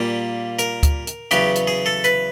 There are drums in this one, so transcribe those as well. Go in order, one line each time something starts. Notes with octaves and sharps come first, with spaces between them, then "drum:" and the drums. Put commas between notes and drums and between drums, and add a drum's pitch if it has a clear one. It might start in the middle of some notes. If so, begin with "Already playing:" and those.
Already playing: A#2 G3 A#3
A#4, drum: hi-hat
drum: kick D2, hi-hat
drum: hi-hat
E2 C#3 F#3 B3 G4, drum: hi-hat
drum: hi-hat
G#4
A4
B4, drum: hi-hat